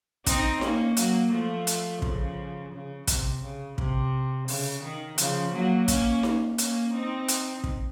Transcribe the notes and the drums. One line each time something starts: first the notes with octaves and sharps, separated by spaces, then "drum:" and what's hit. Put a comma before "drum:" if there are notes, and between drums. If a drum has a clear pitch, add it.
C4 D#4, drum: kick, hi-hat
A#3 C#4, drum: snare D#4
F#3 A#3, drum: hi-hat
F3 A3
drum: hi-hat
C#3 F3, drum: kick
C#3
C3, drum: kick, hi-hat
C#3
C3, drum: kick
C#3, drum: open hi-hat
D#3
C#3 F3, drum: hi-hat
F#3 A#3
A#3 C#4, drum: kick, hi-hat
drum: snare D#4
A#3 C#4, drum: hi-hat
C4 D#4
drum: hi-hat
drum: kick